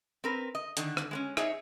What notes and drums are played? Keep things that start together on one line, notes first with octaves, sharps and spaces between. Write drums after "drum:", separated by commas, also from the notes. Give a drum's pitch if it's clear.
C4 A#4 B4
D#5
D3 D#3, drum: hi-hat
drum: rim click
G#3 B3 C#4
D#4 G#4 C#5 E5, drum: rim click